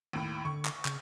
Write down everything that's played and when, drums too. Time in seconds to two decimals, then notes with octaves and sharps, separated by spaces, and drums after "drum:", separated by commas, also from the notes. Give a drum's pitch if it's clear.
0.13 D#2 A2
0.45 D3 C#6
0.65 drum: clap
0.85 C#3, drum: clap